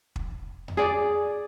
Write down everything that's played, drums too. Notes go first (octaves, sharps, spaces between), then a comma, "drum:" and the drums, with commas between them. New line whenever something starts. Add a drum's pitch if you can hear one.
drum: kick
drum: tom E2
G#4 D5